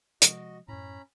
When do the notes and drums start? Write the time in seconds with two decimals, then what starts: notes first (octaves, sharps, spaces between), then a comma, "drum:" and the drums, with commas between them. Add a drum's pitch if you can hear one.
0.22 C3 F3 G#3 F#4 D#5, drum: hi-hat
0.68 F#2 A2 C#4 A#5 B5